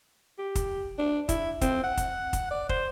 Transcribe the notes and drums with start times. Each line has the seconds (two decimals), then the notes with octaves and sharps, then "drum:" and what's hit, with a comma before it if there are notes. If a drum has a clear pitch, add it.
0.38 G4
0.55 drum: kick, hi-hat
0.98 D4
1.29 E4, drum: kick, hi-hat
1.61 C4, drum: kick, hi-hat
1.84 F#5
1.97 drum: kick, hi-hat
2.33 drum: kick, hi-hat
2.51 D5
2.69 C5, drum: kick